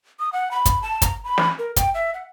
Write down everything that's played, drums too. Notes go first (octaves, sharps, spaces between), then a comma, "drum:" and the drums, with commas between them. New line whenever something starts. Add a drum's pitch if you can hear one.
D#6
F#5
B5
drum: kick, hi-hat
A5
A#5, drum: kick, hi-hat
B5
drum: snare
A#4
G5, drum: kick, hi-hat
E5
F#5